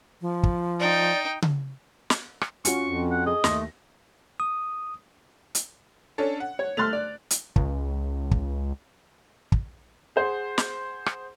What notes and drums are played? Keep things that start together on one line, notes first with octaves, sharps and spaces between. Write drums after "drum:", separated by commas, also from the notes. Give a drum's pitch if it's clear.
F3
drum: kick
D#4 D5 G5
drum: tom C#3
drum: snare
drum: rim click
C#4 F4 F#4 C#6, drum: hi-hat
F2
F#5
G#4 D#5
D#2 A3 C6 A#6, drum: snare
D#6
drum: hi-hat
C#4 D4 A4
F#5
C#5
A3 C6 F6 F#6 A6 F7
D5
drum: hi-hat
C#2, drum: kick
drum: kick
drum: kick
G#4 C5 F#5
drum: snare
drum: rim click